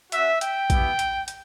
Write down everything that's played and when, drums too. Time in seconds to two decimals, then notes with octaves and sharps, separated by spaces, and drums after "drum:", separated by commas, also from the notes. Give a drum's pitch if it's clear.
0.12 C#4 F#4 E5, drum: hi-hat
0.41 G5, drum: hi-hat
0.70 B3 E4 G4, drum: kick A#1, hi-hat
0.99 drum: hi-hat
1.28 drum: hi-hat